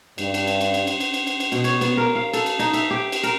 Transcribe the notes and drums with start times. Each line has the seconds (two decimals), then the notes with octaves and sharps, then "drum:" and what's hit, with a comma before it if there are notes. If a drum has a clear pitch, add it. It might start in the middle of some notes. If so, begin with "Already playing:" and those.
0.18 G2, drum: cymbal
0.34 drum: cymbal
0.47 drum: cymbal
0.61 drum: cymbal
0.74 drum: cymbal
0.87 drum: cymbal
1.00 drum: cymbal
1.14 drum: cymbal
1.27 drum: cymbal
1.40 drum: cymbal
1.52 B2, drum: cymbal
1.64 C#5, drum: cymbal
1.81 B3, drum: cymbal
1.97 A#4
2.15 F5
2.34 A4, drum: cymbal
2.46 drum: cymbal
2.59 D#4, drum: cymbal
2.74 E5, drum: cymbal
2.91 G4
3.12 drum: cymbal
3.23 A#4, drum: cymbal